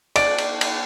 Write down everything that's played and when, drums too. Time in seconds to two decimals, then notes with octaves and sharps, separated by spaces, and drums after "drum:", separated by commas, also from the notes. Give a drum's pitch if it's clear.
0.16 D5 D7, drum: cymbal
0.38 drum: cymbal
0.61 drum: cymbal